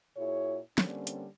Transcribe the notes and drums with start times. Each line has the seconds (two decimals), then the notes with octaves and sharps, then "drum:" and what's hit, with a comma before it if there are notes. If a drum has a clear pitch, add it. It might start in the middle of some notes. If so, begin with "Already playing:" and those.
0.17 A#2 E4 F#4 G#4 C#5
0.78 D3 G3 A#3 C4 C#4, drum: snare
1.07 drum: hi-hat